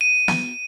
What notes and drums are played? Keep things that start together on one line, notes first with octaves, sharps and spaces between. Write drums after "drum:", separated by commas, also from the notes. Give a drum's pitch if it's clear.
D#7
drum: snare